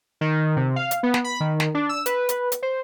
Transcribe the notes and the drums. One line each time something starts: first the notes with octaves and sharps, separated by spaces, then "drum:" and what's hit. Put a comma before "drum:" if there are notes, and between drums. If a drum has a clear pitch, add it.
D#3
C3
F5
drum: hi-hat
B3
drum: snare
B5
D#3
drum: snare
D4
E6
B4, drum: hi-hat
drum: hi-hat
drum: hi-hat
C5